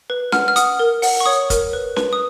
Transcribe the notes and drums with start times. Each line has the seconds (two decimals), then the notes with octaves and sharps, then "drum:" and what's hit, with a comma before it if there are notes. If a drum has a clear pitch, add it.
0.10 B4
0.32 F#5 F6, drum: snare C#4
0.48 F6
0.56 F#5 D#6, drum: hi-hat
0.79 A#4
1.02 F#5, drum: open hi-hat
1.20 C#6
1.26 C#5 D#6
1.50 A#4, drum: kick, hi-hat
1.73 B4
1.96 B4, drum: snare C#4
2.13 D#6